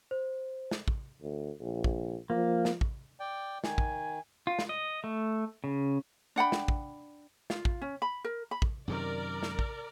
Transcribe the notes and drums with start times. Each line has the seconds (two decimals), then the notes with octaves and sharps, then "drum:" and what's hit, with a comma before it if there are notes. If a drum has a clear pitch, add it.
0.11 C5
0.71 drum: snare
0.88 drum: kick
1.22 D2
1.61 A#1
1.84 drum: kick
2.30 F3 A#3
2.65 drum: snare
2.81 drum: kick
3.20 D5 G5
3.64 D#3 G#5, drum: snare
3.78 drum: kick
4.47 F4
4.59 drum: snare
4.69 D#5
5.04 A3
5.64 C#3
6.36 D4 F#5 G5 B5
6.52 drum: snare
6.68 drum: kick
7.50 F4, drum: snare
7.65 drum: kick
7.81 C#4
8.02 B5
8.24 A#4
8.51 B5
8.62 drum: kick
8.88 F#2 C3 D#3 A#4 D5
9.43 drum: snare
9.59 drum: kick